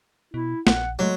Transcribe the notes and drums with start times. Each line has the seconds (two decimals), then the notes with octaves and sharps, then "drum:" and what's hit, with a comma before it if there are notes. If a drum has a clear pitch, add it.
0.34 B2 E4
0.67 A#1 F#5, drum: snare
0.99 F#3 G#3 A3